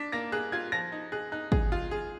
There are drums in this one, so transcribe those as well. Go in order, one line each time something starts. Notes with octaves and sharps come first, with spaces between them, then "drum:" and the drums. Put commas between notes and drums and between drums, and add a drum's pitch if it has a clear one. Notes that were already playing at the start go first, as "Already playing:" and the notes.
Already playing: D4 B6
A#3 A#6
G#4 F#6
F4 G#6
F3 A#6
D#4
G#4 F#6
D#4 F#6
G#4, drum: kick
F4
G#4